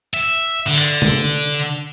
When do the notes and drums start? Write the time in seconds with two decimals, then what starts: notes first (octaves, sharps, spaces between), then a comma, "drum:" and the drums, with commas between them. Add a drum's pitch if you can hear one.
0.14 E5
0.67 D3
0.78 drum: hi-hat
1.02 drum: tom C3